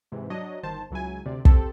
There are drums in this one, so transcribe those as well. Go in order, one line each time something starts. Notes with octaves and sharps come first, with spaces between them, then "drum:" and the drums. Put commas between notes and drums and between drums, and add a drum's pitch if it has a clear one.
G#2 C3 E3
F#3 D4 C#5 D#5
G1 D#3 C5 A5
C#2 F#3 E4 G#5
D2 C3 D5
C4 G4 A4, drum: kick